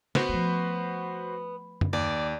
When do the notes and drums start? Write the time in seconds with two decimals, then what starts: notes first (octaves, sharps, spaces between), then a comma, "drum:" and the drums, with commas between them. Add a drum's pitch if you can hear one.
0.15 B3 F#4 B4 C5, drum: snare
0.29 F3 A3
1.81 drum: tom F#2
1.93 D#2 D5